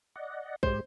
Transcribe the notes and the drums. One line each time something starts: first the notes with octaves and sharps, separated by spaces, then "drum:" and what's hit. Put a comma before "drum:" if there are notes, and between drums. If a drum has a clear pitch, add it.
D5 D#5 F#5
G#2 G#3 G4 C5, drum: kick A#1